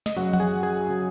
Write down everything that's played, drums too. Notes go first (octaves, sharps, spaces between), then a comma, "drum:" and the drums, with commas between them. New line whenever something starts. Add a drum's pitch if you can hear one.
D#5, drum: snare
F#2 C#3 F#3 F#4 F#5
F#5, drum: tom E3
G#4 G#5
G#4 G#5
C#3 F#3